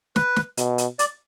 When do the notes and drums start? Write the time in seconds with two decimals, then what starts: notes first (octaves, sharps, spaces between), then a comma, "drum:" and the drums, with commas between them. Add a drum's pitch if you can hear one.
0.16 B4, drum: snare
0.36 drum: snare
0.57 B2, drum: hi-hat
0.78 drum: hi-hat
0.99 D5, drum: hi-hat